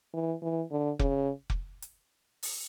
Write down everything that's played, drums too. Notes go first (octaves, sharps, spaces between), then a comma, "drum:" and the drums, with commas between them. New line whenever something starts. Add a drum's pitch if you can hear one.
E3
E3
D3
C#3, drum: kick F1
drum: kick F1
drum: hi-hat
drum: open hi-hat